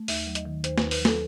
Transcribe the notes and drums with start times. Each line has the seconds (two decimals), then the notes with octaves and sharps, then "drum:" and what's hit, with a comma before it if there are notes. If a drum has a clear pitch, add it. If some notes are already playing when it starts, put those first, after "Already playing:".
Already playing: A3
0.08 D#2 E5, drum: open hi-hat
0.26 F#3
0.35 D#5, drum: hi-hat
0.45 D#3
0.64 D#2 C5, drum: hi-hat
0.78 B4, drum: snare
0.82 D#2
0.91 B4, drum: open hi-hat
1.00 F#3
1.05 A4, drum: snare